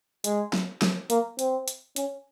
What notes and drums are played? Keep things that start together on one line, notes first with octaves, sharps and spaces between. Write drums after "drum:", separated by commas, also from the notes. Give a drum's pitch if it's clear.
G#3, drum: hi-hat
drum: snare
drum: snare
A#3, drum: hi-hat
C4, drum: hi-hat
drum: hi-hat
C#4, drum: hi-hat